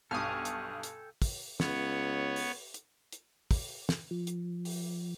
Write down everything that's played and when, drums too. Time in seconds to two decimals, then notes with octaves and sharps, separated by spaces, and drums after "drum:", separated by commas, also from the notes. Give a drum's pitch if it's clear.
0.11 B1 G2 A4 G5 G#5 C#6 D#6 F6
0.45 drum: hi-hat
0.83 drum: hi-hat
1.22 drum: kick, open hi-hat
1.60 C#2 B3 C#5, drum: snare
2.36 drum: open hi-hat
2.74 drum: hi-hat
3.12 drum: hi-hat
3.51 drum: kick, open hi-hat
3.89 drum: snare
4.11 F3
4.27 drum: hi-hat
4.65 drum: open hi-hat